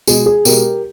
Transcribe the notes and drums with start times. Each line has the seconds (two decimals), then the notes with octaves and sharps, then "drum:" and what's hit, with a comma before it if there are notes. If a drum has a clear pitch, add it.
0.07 B2 G#3 G#4, drum: tambourine
0.26 G#4
0.45 B2 G#3 G4 A#4, drum: tambourine